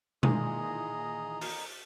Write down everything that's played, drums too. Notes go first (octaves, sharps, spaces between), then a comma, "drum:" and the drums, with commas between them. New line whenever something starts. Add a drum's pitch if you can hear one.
A#2 D#3 E3 G#4 D#5 A#5, drum: tom B2
drum: open hi-hat